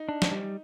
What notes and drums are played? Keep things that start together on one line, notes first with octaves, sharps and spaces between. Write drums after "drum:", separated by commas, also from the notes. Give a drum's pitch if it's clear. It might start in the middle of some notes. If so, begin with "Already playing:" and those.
Already playing: D#4
D4
drum: snare
G3